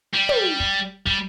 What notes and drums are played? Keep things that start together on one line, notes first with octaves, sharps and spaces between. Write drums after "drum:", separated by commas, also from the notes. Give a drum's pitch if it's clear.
G3
drum: tom
drum: kick
G3, drum: kick